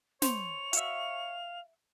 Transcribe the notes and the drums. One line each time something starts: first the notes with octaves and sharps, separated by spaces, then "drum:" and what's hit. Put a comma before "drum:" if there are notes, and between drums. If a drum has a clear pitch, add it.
C5 C#5 F7, drum: snare
F#4 E5 F5, drum: hi-hat